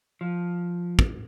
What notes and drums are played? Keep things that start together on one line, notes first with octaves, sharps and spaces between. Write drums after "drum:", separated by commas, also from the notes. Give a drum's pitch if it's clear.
F3
drum: kick